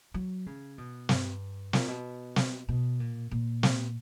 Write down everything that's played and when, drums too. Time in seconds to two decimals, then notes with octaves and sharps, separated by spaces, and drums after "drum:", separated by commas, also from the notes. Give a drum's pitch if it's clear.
0.14 F#3
0.46 C#3
0.78 B2
1.09 G2, drum: snare
1.73 A#2, drum: snare
1.88 B2
2.36 drum: snare
2.69 B2
3.00 A#2
3.31 A#2
3.63 drum: snare